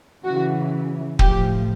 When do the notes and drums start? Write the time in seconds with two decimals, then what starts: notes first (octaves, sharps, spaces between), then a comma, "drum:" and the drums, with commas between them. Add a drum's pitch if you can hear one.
0.25 C#3 E3 F#4
1.19 A2 F3 G4, drum: kick